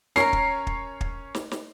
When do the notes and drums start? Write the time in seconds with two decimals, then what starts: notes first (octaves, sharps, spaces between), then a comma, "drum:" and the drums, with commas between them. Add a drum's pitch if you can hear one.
0.16 C#4 A#4 C#5 A#5 C7, drum: snare
0.33 drum: kick
0.67 drum: kick
1.01 drum: kick
1.35 drum: snare
1.51 drum: snare